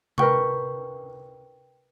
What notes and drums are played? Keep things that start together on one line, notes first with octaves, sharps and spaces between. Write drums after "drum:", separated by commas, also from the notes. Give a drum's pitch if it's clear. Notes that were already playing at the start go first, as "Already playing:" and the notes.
A#4 B4 G5 C#6, drum: tom C3